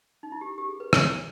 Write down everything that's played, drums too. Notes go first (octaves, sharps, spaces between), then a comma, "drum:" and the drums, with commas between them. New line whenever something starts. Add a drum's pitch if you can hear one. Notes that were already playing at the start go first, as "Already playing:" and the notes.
D#4
E4
G4
G4
G#4
B4
C#5, drum: rim click